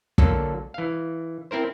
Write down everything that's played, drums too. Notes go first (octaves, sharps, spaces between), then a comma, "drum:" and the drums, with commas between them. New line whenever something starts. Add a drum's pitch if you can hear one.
D3 F#3 A#3 A4, drum: kick
E3 F5
C4 E4 A#4 C5